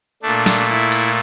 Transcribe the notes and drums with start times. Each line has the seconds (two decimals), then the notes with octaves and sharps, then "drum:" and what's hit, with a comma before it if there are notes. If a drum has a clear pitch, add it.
0.23 A#2 A3 D4
0.46 drum: snare
0.69 E4
0.92 drum: cymbal